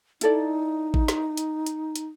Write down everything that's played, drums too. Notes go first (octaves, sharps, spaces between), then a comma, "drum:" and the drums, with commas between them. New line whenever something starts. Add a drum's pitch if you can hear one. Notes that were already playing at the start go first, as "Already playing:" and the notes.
D#4 E4 A4 D5, drum: hi-hat
drum: kick A1
drum: snare
drum: hi-hat
drum: hi-hat
drum: hi-hat